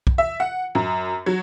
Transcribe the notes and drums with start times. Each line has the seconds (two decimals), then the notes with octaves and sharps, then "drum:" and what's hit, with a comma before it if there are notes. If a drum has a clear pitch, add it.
0.07 drum: kick B1
0.18 E5
0.40 F#5
0.75 F#2
1.26 F#3